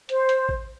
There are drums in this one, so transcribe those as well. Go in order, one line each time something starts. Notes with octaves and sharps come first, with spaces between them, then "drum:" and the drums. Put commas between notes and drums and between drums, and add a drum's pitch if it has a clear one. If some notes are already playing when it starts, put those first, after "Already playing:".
C5, drum: hi-hat
drum: hi-hat
drum: kick A1